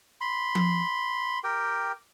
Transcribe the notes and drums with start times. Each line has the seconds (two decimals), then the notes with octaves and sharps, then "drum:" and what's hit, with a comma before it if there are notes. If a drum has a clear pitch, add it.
0.21 B5 C6
0.55 drum: tom F3
1.44 G4 A#4 G5